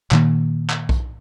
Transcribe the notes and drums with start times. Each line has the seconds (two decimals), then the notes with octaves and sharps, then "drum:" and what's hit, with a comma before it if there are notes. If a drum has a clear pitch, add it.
0.11 A#2 D#3 A#3, drum: clap
0.70 drum: clap
0.89 drum: kick B1